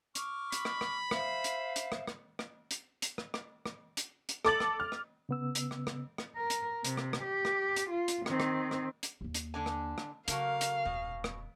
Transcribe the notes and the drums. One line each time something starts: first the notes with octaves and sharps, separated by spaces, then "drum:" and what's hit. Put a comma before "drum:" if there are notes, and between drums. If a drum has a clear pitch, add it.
C#6 D6 F6, drum: hi-hat
B5, drum: hi-hat
drum: rim click
drum: rim click
C5 E5 F5, drum: rim click
drum: hi-hat
drum: hi-hat
drum: rim click
drum: rim click
drum: rim click
drum: hi-hat
drum: hi-hat
drum: rim click
drum: rim click
drum: rim click
drum: hi-hat
drum: hi-hat
A4 D6 A6 F#7, drum: rim click
drum: rim click
F6
drum: rim click
C#3 B3 E6
drum: hi-hat
drum: rim click
drum: rim click
drum: rim click
A#4
drum: hi-hat
C3, drum: hi-hat
drum: rim click
drum: rim click
G4
drum: rim click
drum: hi-hat
F4
drum: hi-hat
D#3 C4, drum: rim click
drum: rim click
drum: rim click
drum: hi-hat
D#2 A#3
drum: hi-hat
D3 D4 G#5
drum: rim click
drum: rim click
C#3 F#3 A3 A#3 F5, drum: hi-hat
drum: hi-hat
D#1 F#2 B2
drum: rim click